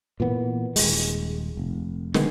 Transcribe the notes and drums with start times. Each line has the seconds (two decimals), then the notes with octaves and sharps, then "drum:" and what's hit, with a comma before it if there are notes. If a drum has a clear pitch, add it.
0.20 A#2 E3 B3
0.76 D#1 G#3, drum: open hi-hat
1.57 F1
2.14 D3 D#3 G#3 B3, drum: snare